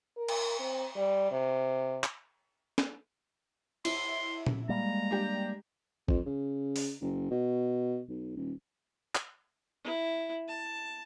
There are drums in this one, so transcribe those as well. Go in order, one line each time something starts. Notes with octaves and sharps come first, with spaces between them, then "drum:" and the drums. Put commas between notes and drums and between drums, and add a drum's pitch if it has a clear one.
A#4
drum: cymbal
C4
G3
C3
drum: clap
drum: snare
E4 C6, drum: cymbal
drum: tom A#2
G3 G#3 A#3 A#5
D4 G4
F2, drum: kick G#1
C#3
drum: open hi-hat
F#1
B2
B1
D#1
drum: clap
E4
A5